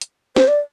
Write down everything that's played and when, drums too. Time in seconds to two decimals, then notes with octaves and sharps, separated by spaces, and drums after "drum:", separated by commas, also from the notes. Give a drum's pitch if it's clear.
0.01 drum: hi-hat
0.36 C5, drum: snare
0.48 D5